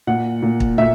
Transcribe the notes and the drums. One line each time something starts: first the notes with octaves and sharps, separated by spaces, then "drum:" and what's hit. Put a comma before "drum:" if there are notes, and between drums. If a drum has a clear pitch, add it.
A#2 F#5
A#2
drum: kick
A#2 E5